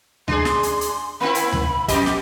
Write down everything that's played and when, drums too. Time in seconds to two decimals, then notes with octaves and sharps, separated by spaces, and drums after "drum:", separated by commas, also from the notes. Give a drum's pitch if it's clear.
0.28 D4 G#4 C6, drum: tom D2
0.45 drum: snare
0.63 drum: hi-hat
0.81 drum: hi-hat
1.21 A#3 C4 E4 B5
1.35 drum: hi-hat
1.53 drum: tom D2
1.88 F2 G4 D#5, drum: kick, hi-hat
2.06 drum: snare